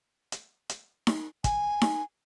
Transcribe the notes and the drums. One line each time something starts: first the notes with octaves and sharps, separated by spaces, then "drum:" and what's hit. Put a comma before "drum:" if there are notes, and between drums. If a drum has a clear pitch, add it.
drum: hi-hat
drum: hi-hat
drum: snare D#4
G#5, drum: kick, hi-hat
drum: snare D#4